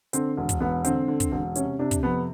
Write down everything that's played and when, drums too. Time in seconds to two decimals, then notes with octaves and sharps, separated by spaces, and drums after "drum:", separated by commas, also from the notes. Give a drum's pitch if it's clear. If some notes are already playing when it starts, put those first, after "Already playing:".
0.13 D3 C4, drum: hi-hat
0.37 E1
0.49 drum: kick, hi-hat
0.60 E1 B3
0.84 D3 C4, drum: hi-hat
1.08 D3
1.20 drum: kick, hi-hat
1.32 E1
1.55 C3 C#4, drum: hi-hat
1.79 C3 D4
1.91 drum: kick, hi-hat
2.03 F2 B3